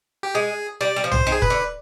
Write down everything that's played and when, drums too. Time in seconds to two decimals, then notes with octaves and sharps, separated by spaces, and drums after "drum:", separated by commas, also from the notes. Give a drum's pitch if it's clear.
0.23 G4
0.35 G#3 G#4
0.81 G3 D5
0.96 G3
1.04 F3
1.12 C5, drum: tom
1.27 D#3
1.32 G#4
1.42 B4, drum: kick
1.50 D3